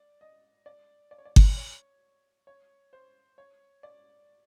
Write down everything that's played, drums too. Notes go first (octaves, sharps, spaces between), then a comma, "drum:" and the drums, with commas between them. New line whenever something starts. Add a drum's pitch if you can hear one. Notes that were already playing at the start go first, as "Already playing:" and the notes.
Already playing: D5
D#5
D5
D5
C#5
D5
drum: kick G1
C#5
C#5
C5
C#5
D5